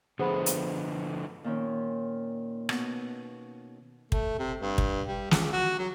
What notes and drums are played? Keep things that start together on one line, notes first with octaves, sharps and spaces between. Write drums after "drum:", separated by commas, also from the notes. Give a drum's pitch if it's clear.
D3 F3 A3 B3 G#4 C5 F#5 B5
drum: hi-hat
A#2 D#3 C#4
B2, drum: rim click
A3, drum: kick
C3
G2
drum: kick
G3
C#2, drum: snare
F#4
F#3